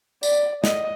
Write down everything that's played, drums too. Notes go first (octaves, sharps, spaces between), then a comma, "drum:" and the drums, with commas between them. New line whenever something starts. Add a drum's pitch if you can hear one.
D5, drum: tambourine
D#5, drum: snare